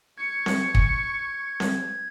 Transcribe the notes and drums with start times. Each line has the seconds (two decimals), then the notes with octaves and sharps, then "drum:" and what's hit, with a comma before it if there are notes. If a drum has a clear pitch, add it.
0.18 C#6 G#6 C#7
0.46 drum: snare C4
0.75 drum: kick
1.60 drum: snare C4